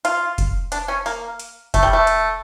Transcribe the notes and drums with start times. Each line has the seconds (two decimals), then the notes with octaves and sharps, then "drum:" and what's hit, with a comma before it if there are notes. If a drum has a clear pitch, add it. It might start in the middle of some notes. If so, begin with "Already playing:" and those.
0.05 F4, drum: hi-hat
0.38 drum: kick F1, hi-hat
0.72 D4, drum: hi-hat
0.88 C#4
1.06 A#3, drum: open hi-hat
1.40 drum: hi-hat
1.74 A3, drum: kick F1, hi-hat
1.83 G3
1.93 A3
2.07 drum: hi-hat